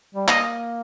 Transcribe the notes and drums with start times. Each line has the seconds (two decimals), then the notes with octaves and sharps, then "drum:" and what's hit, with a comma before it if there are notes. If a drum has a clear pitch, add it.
0.15 G3
0.28 A#3 D#5, drum: clap